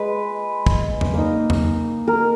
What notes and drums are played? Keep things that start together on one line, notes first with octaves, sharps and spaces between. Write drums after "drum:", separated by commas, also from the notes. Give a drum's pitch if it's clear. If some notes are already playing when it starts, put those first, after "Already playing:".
Already playing: G#3 B4
drum: kick
drum: tom E2
A#3 D#4
drum: tom E2
A#4